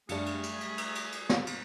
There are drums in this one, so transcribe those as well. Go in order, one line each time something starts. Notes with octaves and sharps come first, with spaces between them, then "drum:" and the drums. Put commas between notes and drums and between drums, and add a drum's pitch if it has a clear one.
F#2 G3 A3 D4 G#4 F5 C#7, drum: cymbal
drum: cymbal
drum: cymbal
drum: cymbal
drum: cymbal
drum: cymbal
drum: cymbal
drum: snare
drum: cymbal